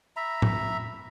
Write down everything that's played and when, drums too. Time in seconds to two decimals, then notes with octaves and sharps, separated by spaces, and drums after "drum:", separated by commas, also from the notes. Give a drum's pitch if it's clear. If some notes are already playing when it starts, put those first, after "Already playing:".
0.17 E5 A#5 B5
0.42 drum: tom